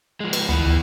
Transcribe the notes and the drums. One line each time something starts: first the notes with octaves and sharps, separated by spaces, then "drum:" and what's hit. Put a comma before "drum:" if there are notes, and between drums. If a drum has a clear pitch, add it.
F3 G#3
B4 G5, drum: cymbal
D2 E3 B3 B5
D2 G5